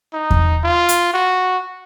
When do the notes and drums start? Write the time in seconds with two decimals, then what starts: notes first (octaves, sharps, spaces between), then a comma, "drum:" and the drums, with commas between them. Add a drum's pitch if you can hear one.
0.14 D#4
0.30 drum: kick E2
0.64 F4
0.89 drum: hi-hat
1.13 F#4